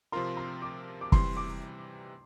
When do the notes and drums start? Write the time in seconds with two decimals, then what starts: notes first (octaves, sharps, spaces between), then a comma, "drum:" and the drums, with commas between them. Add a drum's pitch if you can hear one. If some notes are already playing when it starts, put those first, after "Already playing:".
0.12 C3 F3 C4 F4 A#4 C6
0.37 C6
0.62 D6
1.01 D6
1.12 C3 E3 G3 C6, drum: kick
1.37 D6